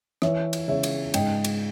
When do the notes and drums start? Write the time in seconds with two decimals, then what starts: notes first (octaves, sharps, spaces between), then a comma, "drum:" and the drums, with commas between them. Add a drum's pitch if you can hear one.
0.22 E3 C#5 E5, drum: rim click
0.53 drum: cymbal
0.68 C#3 C#5 E5
0.83 drum: cymbal
1.14 G#2 D#5 G5, drum: cymbal
1.44 drum: cymbal